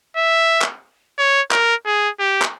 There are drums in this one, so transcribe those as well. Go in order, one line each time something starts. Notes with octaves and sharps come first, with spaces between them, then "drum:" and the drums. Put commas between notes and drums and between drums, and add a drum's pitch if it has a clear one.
E5
drum: clap
C#5
A#4, drum: clap
G#4
G4
drum: clap